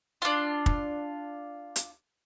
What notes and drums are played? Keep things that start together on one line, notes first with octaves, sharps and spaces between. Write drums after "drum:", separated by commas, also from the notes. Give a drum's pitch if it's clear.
D4 F4
drum: kick
drum: hi-hat